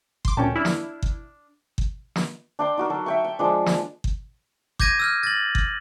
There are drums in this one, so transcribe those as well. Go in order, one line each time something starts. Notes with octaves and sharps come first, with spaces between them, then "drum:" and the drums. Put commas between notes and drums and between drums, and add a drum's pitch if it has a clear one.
C6 D6, drum: kick G1
D2 A#2 C#4 G5 A5
D4 E4 F6
drum: snare
drum: kick G1
drum: kick G1
drum: snare
D4 G5 C6
D#4 F#4 A#4
F#3 A4
E5 G5 C#6
G5
F3 G#3 D4
drum: snare
drum: kick G1
D6 G6 G#6 A#6 D#7, drum: kick G1
E6 F6 G6
A6 A#6 F#7
drum: kick G1